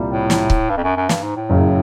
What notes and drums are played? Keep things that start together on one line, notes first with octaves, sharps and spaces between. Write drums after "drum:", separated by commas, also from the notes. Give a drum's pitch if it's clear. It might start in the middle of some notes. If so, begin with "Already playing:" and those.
Already playing: C2 A#2 G3
A2
drum: snare
drum: kick C#1
G2
F2
F#2
F#2
G2, drum: snare
G#2
A2
F#1 F#2 C#3